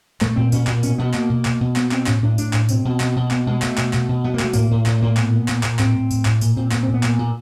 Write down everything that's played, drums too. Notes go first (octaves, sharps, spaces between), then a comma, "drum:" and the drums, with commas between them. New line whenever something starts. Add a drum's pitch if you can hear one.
A#2 A3, drum: clap
A#2 C4
A#2 C#4, drum: tambourine
A#2, drum: clap
B2 C#4, drum: tambourine
B2 B3
B2 A#3, drum: clap
B2
B2, drum: clap
B2
B2 B3, drum: clap
B2 C4, drum: clap
A2 C#4, drum: clap
A2 D4
A2 D4, drum: tambourine
A2, drum: clap
B2 C4, drum: tambourine
B2
B2, drum: clap
B2
B2 B3, drum: clap
B2 G#3
B2 A3, drum: clap
B2, drum: clap
B2, drum: clap
B2
B2 B3
A#3
B2 A3, drum: clap
A2 A#3, drum: tambourine
A2
A2, drum: clap
A2 A#3
A#2 B3, drum: clap
A#2
A#2, drum: clap
A#2, drum: clap
A2 C4, drum: clap
A2
A2, drum: tambourine
A2, drum: clap
A#2, drum: tambourine
A#2 C4
A#2 B3, drum: clap
C4
A#2
B3
A#2, drum: clap
A#2